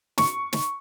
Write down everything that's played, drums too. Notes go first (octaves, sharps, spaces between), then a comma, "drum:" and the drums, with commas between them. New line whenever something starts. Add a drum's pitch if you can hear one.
C#6, drum: snare
drum: snare